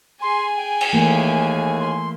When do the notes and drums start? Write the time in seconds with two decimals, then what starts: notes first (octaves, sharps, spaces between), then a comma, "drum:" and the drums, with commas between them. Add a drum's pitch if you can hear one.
0.22 G#4 G#5 C6
0.57 G5
0.81 drum: cymbal
0.93 D#2 E3 A3 A#3
1.79 C6